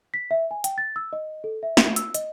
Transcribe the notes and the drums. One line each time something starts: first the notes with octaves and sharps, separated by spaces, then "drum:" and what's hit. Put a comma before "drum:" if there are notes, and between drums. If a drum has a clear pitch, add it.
B6
E5
G#5
G5, drum: hi-hat
A6
E6
D#5
A4
E5
drum: snare
E6, drum: hi-hat
D#5, drum: hi-hat